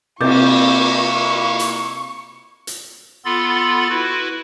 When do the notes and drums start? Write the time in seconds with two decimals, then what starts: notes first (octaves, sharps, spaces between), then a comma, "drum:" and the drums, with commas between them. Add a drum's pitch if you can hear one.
0.21 C3 A#3 C4 E4 C#6 D6 G6 A6, drum: cymbal
1.59 drum: hi-hat
2.67 drum: hi-hat
3.25 B3 F4 A4 B5 C6 A6
3.90 E4 F#4 B4